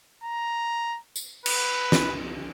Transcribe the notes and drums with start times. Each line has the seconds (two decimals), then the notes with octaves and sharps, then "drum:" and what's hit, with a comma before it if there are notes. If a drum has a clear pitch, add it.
0.24 A#5
1.16 drum: tambourine
1.46 B4, drum: cymbal
1.92 drum: snare E4